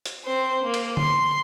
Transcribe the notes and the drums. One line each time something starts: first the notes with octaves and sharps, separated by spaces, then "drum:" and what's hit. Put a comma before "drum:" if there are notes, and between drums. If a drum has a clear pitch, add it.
drum: hi-hat
C4 C5
A#3
drum: cymbal
C6, drum: tom D3